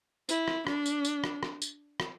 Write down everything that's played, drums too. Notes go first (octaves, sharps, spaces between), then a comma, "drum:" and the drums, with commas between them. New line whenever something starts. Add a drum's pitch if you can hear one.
E4, drum: tambourine
drum: rim click
D4, drum: rim click
drum: tambourine
drum: tambourine
drum: rim click
drum: rim click
drum: tambourine
drum: rim click